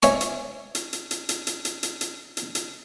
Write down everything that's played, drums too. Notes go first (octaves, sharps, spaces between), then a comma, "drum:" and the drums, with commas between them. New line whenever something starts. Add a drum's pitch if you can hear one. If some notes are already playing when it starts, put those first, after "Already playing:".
C#5 E5 G#5 C#6, drum: hi-hat
drum: hi-hat
drum: hi-hat
drum: hi-hat
drum: hi-hat
drum: hi-hat
drum: hi-hat
drum: hi-hat
drum: hi-hat
drum: hi-hat
drum: hi-hat
drum: hi-hat